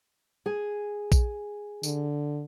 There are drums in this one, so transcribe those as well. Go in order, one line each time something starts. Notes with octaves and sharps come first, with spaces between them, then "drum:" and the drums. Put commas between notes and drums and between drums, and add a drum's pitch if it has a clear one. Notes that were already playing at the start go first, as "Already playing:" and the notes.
G#4 G#5
drum: kick A#1, tambourine
D3, drum: tambourine